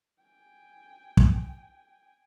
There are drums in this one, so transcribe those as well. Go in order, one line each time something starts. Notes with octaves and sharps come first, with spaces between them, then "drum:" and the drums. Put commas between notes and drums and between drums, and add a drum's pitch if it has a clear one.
G5 G#5
drum: kick